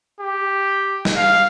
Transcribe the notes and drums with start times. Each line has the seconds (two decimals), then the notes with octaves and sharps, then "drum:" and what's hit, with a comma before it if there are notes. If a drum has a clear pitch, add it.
0.21 G4
1.05 drum: snare
1.16 F5